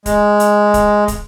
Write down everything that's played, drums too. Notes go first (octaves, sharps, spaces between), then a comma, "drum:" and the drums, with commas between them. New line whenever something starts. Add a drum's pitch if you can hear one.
G#3, drum: kick, hi-hat
drum: hi-hat
drum: kick, hi-hat
drum: kick, hi-hat